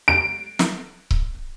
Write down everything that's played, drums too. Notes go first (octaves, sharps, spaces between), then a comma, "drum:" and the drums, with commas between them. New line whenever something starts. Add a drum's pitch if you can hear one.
D7
drum: snare
drum: kick C#1